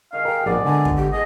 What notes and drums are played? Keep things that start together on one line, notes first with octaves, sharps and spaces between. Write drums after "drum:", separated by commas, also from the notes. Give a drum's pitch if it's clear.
D#3 G#4 D#5 F5
A#4 G5
A#1 G#2 B3 G#4 D5 F#5
D3 F#4 G#5 A5
drum: kick
G4
A2 G#4 D#5